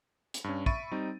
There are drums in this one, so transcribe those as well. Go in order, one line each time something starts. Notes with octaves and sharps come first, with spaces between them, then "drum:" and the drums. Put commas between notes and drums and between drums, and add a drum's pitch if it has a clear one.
drum: hi-hat
G2 C#4
E5 B5 C#6 A6 D7 D#7, drum: kick
G3 C4 D#4